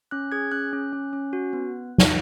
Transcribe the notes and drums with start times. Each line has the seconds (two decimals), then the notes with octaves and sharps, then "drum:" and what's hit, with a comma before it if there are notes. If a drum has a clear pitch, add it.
0.11 C#4 F#6
0.32 G#4 G#6
0.52 C#4 F#6
0.73 C#4
0.93 C#4
1.13 C#4
1.33 F#4
1.53 B3
1.98 drum: snare